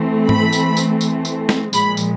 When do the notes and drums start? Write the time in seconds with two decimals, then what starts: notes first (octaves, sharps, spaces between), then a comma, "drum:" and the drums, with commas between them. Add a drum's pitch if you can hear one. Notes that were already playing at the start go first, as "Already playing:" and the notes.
Already playing: E3 A3 C4
0.29 B5, drum: tom G#2
0.53 drum: tambourine
0.77 drum: tambourine
1.01 drum: tambourine
1.25 drum: tambourine
1.49 drum: snare
1.73 A#2 F3 G#3 B5, drum: tambourine
1.97 drum: tambourine